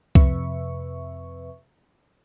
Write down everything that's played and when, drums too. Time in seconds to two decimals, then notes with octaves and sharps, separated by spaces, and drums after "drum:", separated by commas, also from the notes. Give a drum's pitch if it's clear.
0.15 F2 C3 B4 E5 C#6, drum: kick C2